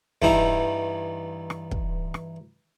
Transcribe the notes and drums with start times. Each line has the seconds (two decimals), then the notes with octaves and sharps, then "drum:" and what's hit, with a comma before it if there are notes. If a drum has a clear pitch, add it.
0.22 E2 G2 E3 D#4 E4, drum: kick
1.50 drum: rim click
1.71 drum: kick
2.14 drum: rim click